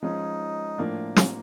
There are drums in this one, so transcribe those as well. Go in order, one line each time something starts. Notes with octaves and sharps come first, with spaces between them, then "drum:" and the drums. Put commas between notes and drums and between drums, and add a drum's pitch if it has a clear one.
F3 G#3 C#4 D#4
A2 F3 A#3 D4
drum: snare